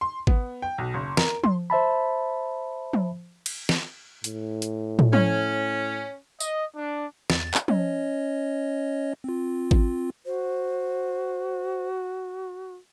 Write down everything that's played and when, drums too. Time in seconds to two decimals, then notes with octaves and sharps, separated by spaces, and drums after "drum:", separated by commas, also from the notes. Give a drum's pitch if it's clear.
0.01 C6
0.27 B3, drum: kick G#1
0.62 G5
0.78 B1
0.94 F#1
1.17 A#4, drum: snare
1.44 C6, drum: tom F3
1.70 C5 E5 A5 B5
2.93 drum: tom F3
3.46 drum: cymbal
3.69 drum: snare
4.24 A2, drum: hi-hat
4.62 drum: hi-hat
4.99 drum: tom
5.13 C#4, drum: tom F3
6.40 D#5, drum: tambourine
6.76 D4
7.30 E2 A6, drum: snare
7.54 drum: clap
7.68 C#4 C#5 D#5, drum: tom F3
9.24 C4 F4
9.71 drum: kick G#1
10.26 F#4 C5